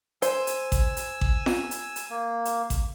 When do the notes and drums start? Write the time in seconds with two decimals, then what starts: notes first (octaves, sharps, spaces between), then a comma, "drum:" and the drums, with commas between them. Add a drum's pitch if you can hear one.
0.22 C5 G#5 E6, drum: hi-hat
0.47 drum: hi-hat
0.72 drum: kick A1, hi-hat
0.97 drum: hi-hat
1.21 drum: kick A1
1.46 drum: snare F4
1.71 drum: hi-hat
1.96 drum: hi-hat
2.11 A#3
2.45 drum: hi-hat
2.70 drum: kick A1, hi-hat